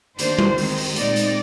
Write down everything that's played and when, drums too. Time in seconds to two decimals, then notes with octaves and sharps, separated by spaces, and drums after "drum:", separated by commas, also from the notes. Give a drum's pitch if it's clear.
0.19 D#3 A#3 D4 C5, drum: hi-hat
0.39 drum: tom G3
0.58 D#3 G#3 C4, drum: open hi-hat
0.77 drum: open hi-hat
0.96 A#2 G#3 C4 D#4 D5, drum: hi-hat
1.16 drum: hi-hat